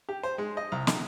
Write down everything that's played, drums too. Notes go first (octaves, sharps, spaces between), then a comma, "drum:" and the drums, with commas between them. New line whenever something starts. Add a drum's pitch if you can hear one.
G4
C5
G#3
D#5
C2
A#1, drum: snare